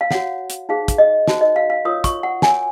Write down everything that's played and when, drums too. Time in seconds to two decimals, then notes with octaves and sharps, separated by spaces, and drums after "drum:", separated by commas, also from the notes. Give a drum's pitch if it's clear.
0.01 F5
0.11 F#4 C#5 F#5, drum: snare
0.50 drum: hi-hat
0.69 D#4 G#4 C5 F5
0.88 drum: kick, hi-hat
0.98 D#5
1.27 D#4 F#4 C5, drum: snare
1.41 D#5
1.56 F5
1.70 F5
1.85 F4 A#4 C#5 D#6
2.04 C#6, drum: kick, hi-hat
2.23 F#5
2.42 F#4 A#4 C#5 G#5, drum: snare